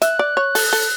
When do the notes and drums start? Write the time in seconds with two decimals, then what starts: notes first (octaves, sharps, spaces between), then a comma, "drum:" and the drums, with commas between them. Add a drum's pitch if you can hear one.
0.02 E5 F#6, drum: hi-hat
0.19 D5
0.37 C#5
0.55 A4, drum: open hi-hat
0.73 A4